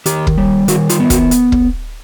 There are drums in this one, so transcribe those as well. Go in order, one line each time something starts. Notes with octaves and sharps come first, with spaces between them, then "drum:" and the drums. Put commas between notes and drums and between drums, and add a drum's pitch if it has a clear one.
D#3 G4, drum: hi-hat
drum: kick
G3
D#3 F#4, drum: hi-hat
F4, drum: hi-hat
B3
F#4, drum: kick, hi-hat
drum: hi-hat
drum: kick